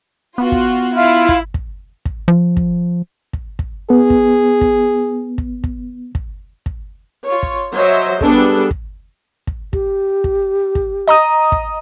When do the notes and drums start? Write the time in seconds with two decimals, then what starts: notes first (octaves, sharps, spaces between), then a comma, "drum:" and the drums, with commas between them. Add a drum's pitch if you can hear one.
0.38 B3 F4 F#4
0.52 drum: kick
0.96 E4 F4 F5
1.29 drum: kick
1.54 drum: kick
2.06 drum: kick
2.28 F3
2.57 drum: kick
3.33 drum: kick
3.59 drum: kick
3.90 B3 G#4
4.10 drum: kick
4.61 drum: kick
5.38 drum: kick
5.64 drum: kick
6.15 drum: kick
6.66 drum: kick
7.25 F4 C#5
7.43 drum: kick
7.73 F#3 C5 C#5 D#5 E5
8.21 G3 B3 D4 G#4 A4, drum: kick
8.71 drum: kick
9.47 drum: kick
9.73 G4, drum: kick
10.24 drum: kick
10.75 drum: kick
11.08 D#5 A#5 D#6
11.52 drum: kick